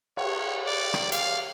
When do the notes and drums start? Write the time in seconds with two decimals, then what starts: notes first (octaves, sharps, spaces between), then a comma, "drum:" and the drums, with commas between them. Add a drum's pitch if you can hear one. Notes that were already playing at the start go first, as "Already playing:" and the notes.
0.17 C#5, drum: cymbal
0.67 D5
0.94 drum: rim click
1.12 F5, drum: hi-hat